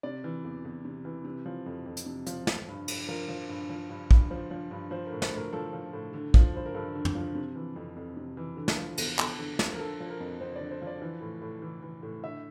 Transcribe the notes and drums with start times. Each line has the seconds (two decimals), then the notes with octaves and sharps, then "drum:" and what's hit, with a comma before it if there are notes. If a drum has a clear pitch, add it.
0.03 C3 D5
0.24 E3
0.45 E2
0.65 E2
0.85 C3
1.05 E3
1.25 C3
1.46 F3
1.66 F2
1.86 F2
1.97 drum: hi-hat
2.06 C3
2.26 F3, drum: hi-hat
2.47 F3, drum: snare
2.68 G2
2.88 G2, drum: cymbal
3.08 F3 A#4
3.28 F3
3.49 G2
3.69 F3
3.90 G2
4.11 G2, drum: kick
4.31 F3 C5
4.51 F3
4.71 G2
4.91 F3 C5
5.07 A2 A#4
5.22 C5, drum: snare
5.32 A2
5.37 A#4
5.53 F3 A4
5.73 F3
5.93 A2
6.13 D3
6.34 F3, drum: kick
6.54 G2 C5
6.66 A#4
6.74 G2 A4
6.95 D3
7.05 drum: tom
7.15 F3
7.35 C3
7.55 E3
7.76 F2
7.96 F2
8.17 C3
8.37 E3
8.57 D3
8.68 drum: snare
8.78 F3
8.98 E2, drum: cymbal
9.19 E2 A4, drum: clap
9.38 D3
9.59 F3, drum: snare
9.75 A#4
9.79 D3 A4
10.00 F3
10.10 A#4
10.20 F2
10.41 F2 C5
10.56 D3 D5
10.71 C5
10.81 F3
10.87 D5
11.02 E3
11.21 A2
11.42 A2
11.62 E3
11.82 E3
12.03 A2
12.23 D3 E5